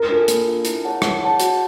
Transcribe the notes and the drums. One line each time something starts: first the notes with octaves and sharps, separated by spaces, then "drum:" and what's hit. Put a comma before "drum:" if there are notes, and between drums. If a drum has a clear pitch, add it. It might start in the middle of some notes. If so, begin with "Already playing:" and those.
Already playing: A#4
D4 F4 A4
A#3, drum: hi-hat
D4 F4 A4
E4, drum: hi-hat
G#4 C#5 F#5 A5
E4, drum: rim click
G#4 C#5 F#5 A5
F#4, drum: hi-hat